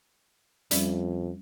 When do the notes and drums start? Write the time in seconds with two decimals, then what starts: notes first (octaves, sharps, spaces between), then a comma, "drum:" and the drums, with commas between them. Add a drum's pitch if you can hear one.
0.71 F2 G3 C#4 D5, drum: hi-hat